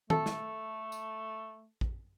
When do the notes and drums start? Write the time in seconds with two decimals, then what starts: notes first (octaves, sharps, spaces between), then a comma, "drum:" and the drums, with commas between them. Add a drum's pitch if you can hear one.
0.10 A3 A4, drum: tom
0.26 drum: snare
0.92 drum: tambourine
1.81 drum: kick A1